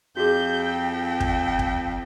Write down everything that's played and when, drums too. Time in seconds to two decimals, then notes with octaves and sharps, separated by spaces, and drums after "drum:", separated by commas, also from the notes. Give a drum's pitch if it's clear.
0.17 F2 F#4 G#4 G6
0.63 G5
1.20 drum: kick
1.59 drum: kick